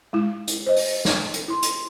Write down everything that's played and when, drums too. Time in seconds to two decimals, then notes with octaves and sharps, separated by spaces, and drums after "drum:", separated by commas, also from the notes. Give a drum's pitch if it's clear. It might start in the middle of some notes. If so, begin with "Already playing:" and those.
0.13 G#3 E4
0.48 drum: hi-hat
0.66 C5 D#5
0.76 drum: open hi-hat
1.05 drum: snare
1.34 drum: hi-hat
1.48 E4 C6
1.63 drum: hi-hat